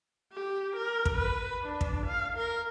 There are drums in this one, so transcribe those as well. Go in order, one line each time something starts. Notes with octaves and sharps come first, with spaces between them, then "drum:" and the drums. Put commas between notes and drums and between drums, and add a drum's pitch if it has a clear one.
G4
A#4
drum: kick
B4
D4
drum: kick
F5
A#4